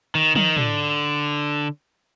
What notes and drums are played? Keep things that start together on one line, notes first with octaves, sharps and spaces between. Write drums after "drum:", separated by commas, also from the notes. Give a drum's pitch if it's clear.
D#3
D#3, drum: tom
D3, drum: tom